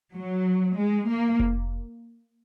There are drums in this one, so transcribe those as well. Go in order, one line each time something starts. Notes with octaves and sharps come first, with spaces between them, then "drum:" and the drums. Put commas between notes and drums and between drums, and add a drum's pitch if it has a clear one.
F#3
G#3
A#3
drum: kick F1